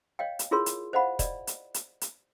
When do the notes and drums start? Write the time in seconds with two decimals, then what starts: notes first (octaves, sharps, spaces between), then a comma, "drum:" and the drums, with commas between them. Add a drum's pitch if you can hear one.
0.19 C#5 D#5 F5 G5
0.39 drum: hi-hat
0.51 E4 F4 G#4 A#4 C#5 C6
0.66 drum: hi-hat
0.93 C5 D#5 F5 F#5 B5
1.19 D5 D#5, drum: kick E1, hi-hat
1.47 drum: hi-hat
1.74 drum: hi-hat
2.01 drum: hi-hat